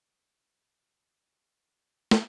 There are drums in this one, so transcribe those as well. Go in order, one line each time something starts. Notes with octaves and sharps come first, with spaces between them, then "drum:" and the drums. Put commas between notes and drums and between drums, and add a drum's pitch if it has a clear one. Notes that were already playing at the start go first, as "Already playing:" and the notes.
G#2 C4 F#4
E3 G4
F4
F4 G#4 A4
drum: snare